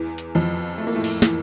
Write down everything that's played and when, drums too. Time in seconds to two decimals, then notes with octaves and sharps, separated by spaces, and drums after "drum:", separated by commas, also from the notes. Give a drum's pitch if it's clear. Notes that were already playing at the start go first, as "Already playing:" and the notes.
Already playing: E2 E3
0.18 drum: hi-hat
0.35 F2 F3
0.78 A3
0.87 A#3
0.95 A2 A3
1.04 drum: open hi-hat
1.22 E3, drum: snare